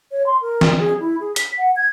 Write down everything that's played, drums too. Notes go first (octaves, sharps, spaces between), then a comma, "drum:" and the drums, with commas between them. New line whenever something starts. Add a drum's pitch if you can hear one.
C#5
C6
A#4
drum: snare
G#4
E4
G#4
B6, drum: hi-hat
F#5
G#6